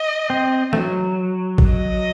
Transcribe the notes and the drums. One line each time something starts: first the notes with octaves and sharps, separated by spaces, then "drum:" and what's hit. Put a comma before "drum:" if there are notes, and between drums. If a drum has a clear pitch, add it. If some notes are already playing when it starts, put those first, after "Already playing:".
Already playing: D#5
C4
A3, drum: tom E3
F#3
drum: kick
D#5